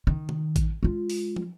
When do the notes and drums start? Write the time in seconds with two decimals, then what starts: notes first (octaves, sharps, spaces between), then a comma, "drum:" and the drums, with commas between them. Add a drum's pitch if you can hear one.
0.07 D#3
0.29 drum: tom
0.56 drum: kick A1, hi-hat
0.83 G#3 F4
1.10 drum: open hi-hat
1.36 drum: tom